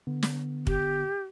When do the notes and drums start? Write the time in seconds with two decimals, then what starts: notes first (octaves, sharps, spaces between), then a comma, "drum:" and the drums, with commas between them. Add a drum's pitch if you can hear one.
0.07 D3 B3
0.23 drum: snare
0.67 G4, drum: kick